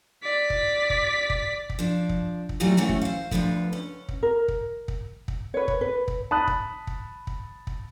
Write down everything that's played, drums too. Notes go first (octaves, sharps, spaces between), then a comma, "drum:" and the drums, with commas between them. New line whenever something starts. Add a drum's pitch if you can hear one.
D5 B6
drum: kick
drum: kick
drum: kick
drum: kick
F3 D4
drum: kick
drum: kick
D2 E3 F#3 G3 A3 A#3
A2 E3 A3 C4 C#4 F#4
drum: kick
C5 F5
D2 G#2 D3 F3 B4, drum: kick
C#4
drum: kick
A#4
drum: kick
drum: kick
drum: kick
B4 C#5
drum: kick
B4
drum: kick
A5 B5 D#6 F#6
drum: kick
drum: kick
drum: kick
drum: kick